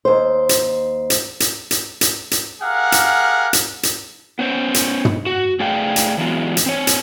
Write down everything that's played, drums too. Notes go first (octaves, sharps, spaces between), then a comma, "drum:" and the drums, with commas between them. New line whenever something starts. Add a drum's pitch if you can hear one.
D#2 C5
drum: hi-hat
drum: hi-hat
drum: hi-hat
drum: hi-hat
drum: hi-hat
drum: hi-hat
G4 G#4 A#4 F5 F#5
drum: hi-hat
drum: hi-hat
drum: hi-hat
B3 C#4 C5
drum: hi-hat
drum: tom
F#4
A3 G#4 D5 F5 G5
drum: hi-hat
E3 F#3 G#3 B3 E4 F4
drum: hi-hat
C4 C#5
drum: hi-hat